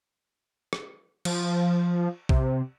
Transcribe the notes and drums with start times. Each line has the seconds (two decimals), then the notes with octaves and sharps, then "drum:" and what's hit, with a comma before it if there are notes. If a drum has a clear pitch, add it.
0.73 drum: rim click
1.25 F3, drum: cymbal
2.29 C3, drum: kick